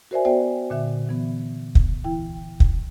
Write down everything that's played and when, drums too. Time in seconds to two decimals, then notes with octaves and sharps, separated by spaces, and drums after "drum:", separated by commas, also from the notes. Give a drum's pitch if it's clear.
0.11 F#4 A#4 C5 D5 E5 G#5
0.25 B3 F#4 C5 D5 E5 G5
0.70 A#2 D3 E5
1.09 E3 B3
1.75 drum: kick
2.04 E3 E4 G5
2.60 drum: kick